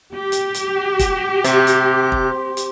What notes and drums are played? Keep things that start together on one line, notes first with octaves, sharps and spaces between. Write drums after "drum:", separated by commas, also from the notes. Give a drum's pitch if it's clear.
G4
drum: hi-hat
drum: hi-hat
drum: kick, hi-hat
C3, drum: hi-hat
drum: hi-hat
drum: kick
drum: hi-hat